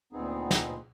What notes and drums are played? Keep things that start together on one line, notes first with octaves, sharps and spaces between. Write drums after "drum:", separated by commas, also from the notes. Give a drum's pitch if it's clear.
D2 A#2 B3 C4 D#4 G#4
drum: snare